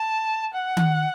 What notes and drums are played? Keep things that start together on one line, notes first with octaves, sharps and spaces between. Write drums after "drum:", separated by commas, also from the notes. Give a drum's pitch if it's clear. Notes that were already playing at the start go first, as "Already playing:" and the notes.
Already playing: A5
F#5
drum: tom D#3